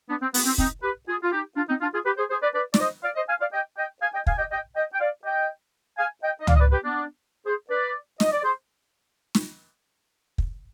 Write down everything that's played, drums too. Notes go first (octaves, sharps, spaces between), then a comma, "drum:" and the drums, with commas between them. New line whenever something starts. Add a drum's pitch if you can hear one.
B3 D4
C4
B3, drum: open hi-hat
C4
C4 D#4, drum: kick
G4 B4
F4 G#4
F4
D#4 G4
D4 F4
C4 D#4
D4 F4
F4 G#4
G4 B4
G#4 C5
G#4 C5
B4 D5
B4 D5
D5, drum: snare
C5 D#5
D5 F5
C5 D#5
F5 G#5
D5 F5
D#5 G5
D#5 G5
F5 G#5
D#5 G5
F5 G#5, drum: kick
D#5 G5
D#5 G5
D#5 G5
G5
D5 F5
D#5 G5
F5 G#5
D#5 G5
D#5
D5 F5, drum: tom C#2
D#5
B4 D5
G4 B4
B3 D4
G#4 C5
B4 D5
D#5, drum: snare
D5
G#4 C5
drum: snare
drum: kick